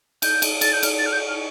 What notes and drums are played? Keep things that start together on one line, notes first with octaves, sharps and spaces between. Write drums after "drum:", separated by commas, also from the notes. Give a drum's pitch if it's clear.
G6, drum: cymbal
drum: cymbal
A6, drum: cymbal
G6
F6, drum: cymbal
A6
F6
G6
F6